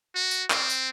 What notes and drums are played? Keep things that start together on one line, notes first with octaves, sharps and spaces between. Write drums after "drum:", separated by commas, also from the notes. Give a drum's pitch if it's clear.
F#4
drum: tambourine
C4, drum: clap
drum: tambourine